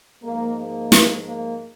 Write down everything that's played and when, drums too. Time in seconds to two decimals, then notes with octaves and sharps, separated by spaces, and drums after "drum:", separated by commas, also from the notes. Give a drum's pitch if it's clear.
0.23 G#2 F3 G#3 A#3
0.58 A#3
0.92 drum: snare
1.26 A#3